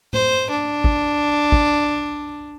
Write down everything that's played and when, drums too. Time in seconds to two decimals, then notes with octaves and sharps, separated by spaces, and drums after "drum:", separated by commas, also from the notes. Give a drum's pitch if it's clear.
0.13 C5, drum: tom A2
0.50 D4
0.84 drum: kick
1.52 drum: kick